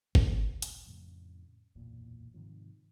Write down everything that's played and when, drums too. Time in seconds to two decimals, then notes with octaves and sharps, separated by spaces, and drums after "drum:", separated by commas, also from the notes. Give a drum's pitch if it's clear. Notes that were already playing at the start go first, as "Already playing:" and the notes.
0.15 G3 A#3 B3, drum: kick
0.42 C#2 A2 C3
0.62 drum: hi-hat
0.86 F2 A2 C#3
1.75 F#1 B1 E2 A#2
2.34 G#2 C3 D#3 F3